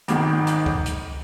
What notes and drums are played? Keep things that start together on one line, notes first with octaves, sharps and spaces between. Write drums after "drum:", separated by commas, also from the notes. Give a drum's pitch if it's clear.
G#1 G#2 D#3, drum: hi-hat
drum: hi-hat
drum: kick C#2
drum: hi-hat